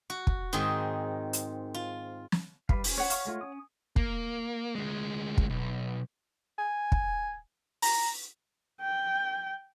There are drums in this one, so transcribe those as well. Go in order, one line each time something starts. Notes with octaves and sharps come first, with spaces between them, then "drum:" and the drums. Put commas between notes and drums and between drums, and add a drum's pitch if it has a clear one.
F#4
drum: kick
G#2 D#3 C4 G#4
drum: hi-hat
F4
drum: snare
G3 B4 F5, drum: kick
C#4 C5 G#5, drum: open hi-hat
C#5 F#5
F5 C#6, drum: hi-hat
G#3 A3 F4
C#4 D#6
A#3, drum: kick
D2 G#3
drum: kick
B1
G#5
drum: kick
A#5, drum: open hi-hat
G5